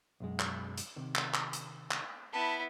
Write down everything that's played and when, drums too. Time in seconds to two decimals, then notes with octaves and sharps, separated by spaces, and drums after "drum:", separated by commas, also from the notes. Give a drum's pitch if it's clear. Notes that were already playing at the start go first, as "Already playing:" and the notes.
0.20 B1 F#2 G#3
0.40 drum: clap
0.78 drum: hi-hat
0.96 C3 D#3
1.15 drum: clap
1.34 drum: clap
1.53 drum: hi-hat
1.91 drum: clap
2.33 B3 E4 A5